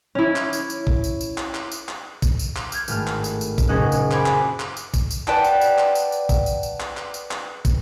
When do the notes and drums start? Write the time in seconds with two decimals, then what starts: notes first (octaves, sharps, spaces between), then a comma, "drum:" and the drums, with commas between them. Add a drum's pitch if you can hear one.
0.15 C#4 E4
0.36 drum: clap
0.53 drum: tambourine
0.70 drum: tambourine
0.87 drum: kick
1.04 drum: tambourine
1.21 drum: tambourine
1.38 drum: clap
1.55 drum: clap
1.72 drum: tambourine
1.88 drum: clap
2.22 drum: kick, tambourine
2.39 drum: tambourine
2.56 drum: clap
2.72 F6 G6 G#6, drum: tambourine
2.88 G#1 A2 A3 F6, drum: tambourine
3.07 drum: clap
3.24 drum: tambourine
3.41 drum: tambourine
3.58 drum: kick, tambourine
3.68 F#1 A#2 C#4 D#4 D#5 F#6
3.92 drum: tambourine
4.11 C5 G#5 B5 D6, drum: clap
4.26 drum: clap
4.60 drum: clap
4.77 drum: tambourine
4.94 drum: kick, tambourine
5.11 drum: tambourine
5.28 B4 D5 F#5 G5 A5, drum: clap
5.44 drum: tambourine
5.61 drum: tambourine
5.78 drum: clap
5.95 drum: tambourine
6.12 drum: tambourine
6.29 drum: kick, tambourine
6.46 drum: tambourine
6.63 drum: tambourine
6.80 drum: clap
6.97 drum: clap
7.14 drum: tambourine
7.31 drum: clap
7.65 drum: kick, tambourine